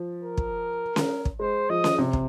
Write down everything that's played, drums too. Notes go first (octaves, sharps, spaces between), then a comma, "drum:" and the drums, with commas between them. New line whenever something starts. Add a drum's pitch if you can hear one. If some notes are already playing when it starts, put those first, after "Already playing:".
Already playing: F3
A#4
drum: kick
drum: snare C#4
drum: kick
G#3 C5
F3 D#5
drum: snare C#4
C3
drum: kick